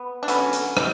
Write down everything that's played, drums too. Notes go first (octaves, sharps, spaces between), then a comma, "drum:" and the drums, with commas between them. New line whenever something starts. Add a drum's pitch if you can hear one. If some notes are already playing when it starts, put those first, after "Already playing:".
Already playing: B3
D4
D3 F#3 B3 C#4, drum: hi-hat
drum: hi-hat
B2 D#4, drum: rim click